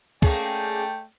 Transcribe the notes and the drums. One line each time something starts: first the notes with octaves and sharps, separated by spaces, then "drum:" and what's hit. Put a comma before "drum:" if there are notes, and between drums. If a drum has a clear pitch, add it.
A3 A#3 C#4 G#4 D5 G5, drum: kick